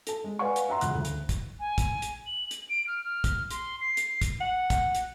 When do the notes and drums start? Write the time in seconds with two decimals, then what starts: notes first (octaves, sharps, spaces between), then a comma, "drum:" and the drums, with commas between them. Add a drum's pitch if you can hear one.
0.07 A4 A5, drum: hi-hat
0.24 G#3
0.39 B4 D5 F5 F#5 G#5 C#6
0.56 drum: hi-hat
0.69 E5 F#5 A#5 C6
0.81 E1 C#2 F#6, drum: hi-hat
0.94 D2
1.05 drum: hi-hat
1.29 drum: kick, hi-hat
1.59 G#5
1.78 drum: kick, hi-hat
2.02 drum: hi-hat
2.27 F#7
2.51 drum: hi-hat
2.70 D7
2.87 F6
3.04 F6
3.24 drum: kick, hi-hat
3.51 C6, drum: hi-hat
3.81 C7
3.97 drum: hi-hat
4.22 drum: kick, hi-hat
4.40 F#5
4.70 drum: kick, hi-hat
4.95 drum: hi-hat